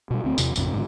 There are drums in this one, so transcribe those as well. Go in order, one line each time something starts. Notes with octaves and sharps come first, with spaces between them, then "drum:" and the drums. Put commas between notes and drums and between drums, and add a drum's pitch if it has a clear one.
B2 G3
D2 C4
E2 C3, drum: tambourine
A1 F2 C3, drum: tambourine
G#2 D3